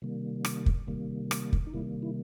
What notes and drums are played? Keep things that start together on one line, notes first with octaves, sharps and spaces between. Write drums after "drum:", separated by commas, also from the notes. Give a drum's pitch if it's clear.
C3 D#3 G3 A#3
drum: rim click
drum: kick
C3 D#3 G3 A#3
drum: rim click
drum: kick
D#4
C3 D#3 G3 A#3 E4
E4